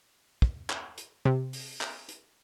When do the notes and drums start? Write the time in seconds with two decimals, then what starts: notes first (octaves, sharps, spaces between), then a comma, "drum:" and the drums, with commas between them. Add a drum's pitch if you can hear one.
0.42 drum: kick
0.70 drum: clap
0.98 drum: hi-hat
1.25 C3
1.53 drum: open hi-hat
1.81 drum: clap
2.09 drum: hi-hat